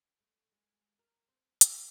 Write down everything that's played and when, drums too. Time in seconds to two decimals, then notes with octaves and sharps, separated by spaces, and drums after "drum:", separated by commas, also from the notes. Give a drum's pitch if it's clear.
0.20 A3
0.52 G#3
0.99 A#4
1.29 C4
1.61 G#3, drum: hi-hat